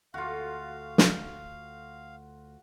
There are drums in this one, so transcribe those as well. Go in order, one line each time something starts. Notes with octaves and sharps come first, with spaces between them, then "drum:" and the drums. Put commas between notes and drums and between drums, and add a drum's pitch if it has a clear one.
D2 F4 F#4 A4 F5
drum: snare